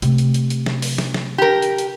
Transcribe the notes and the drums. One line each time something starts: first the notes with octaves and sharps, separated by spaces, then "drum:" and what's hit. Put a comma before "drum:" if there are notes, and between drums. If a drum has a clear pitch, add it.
C3 A3, drum: hi-hat
drum: hi-hat
drum: hi-hat
drum: hi-hat
drum: snare
drum: open hi-hat
drum: snare
drum: snare
G4 A#4
drum: hi-hat
drum: hi-hat